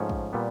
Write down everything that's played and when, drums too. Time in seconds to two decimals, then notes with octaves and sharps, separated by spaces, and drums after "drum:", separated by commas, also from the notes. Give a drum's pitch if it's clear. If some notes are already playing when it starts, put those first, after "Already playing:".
Already playing: G#2 F3 A3 C#4
0.09 drum: kick
0.33 A#2 G3 B3